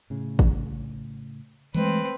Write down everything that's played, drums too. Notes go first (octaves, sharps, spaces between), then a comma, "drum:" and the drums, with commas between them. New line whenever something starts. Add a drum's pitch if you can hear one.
A2 C#3
drum: kick G#1
E3 G#3 A3 C4 B4, drum: tambourine